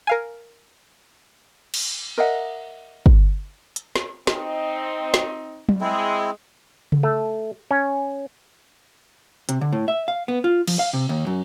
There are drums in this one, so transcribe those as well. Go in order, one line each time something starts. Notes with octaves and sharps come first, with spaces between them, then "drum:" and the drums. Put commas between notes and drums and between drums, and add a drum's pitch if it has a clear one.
A#4 F5 G#5
drum: cymbal
A#4 D#5 E5 F#5
drum: kick
drum: hi-hat
drum: snare
C4 D#4 D#5, drum: snare
drum: snare
drum: tom F#3
G#3 C4 E4
drum: tom C#3
A3
C#4
C3, drum: hi-hat
D3
A2
E5
F5
B3
F4
F3, drum: cymbal
F5
C3
D#2
F#2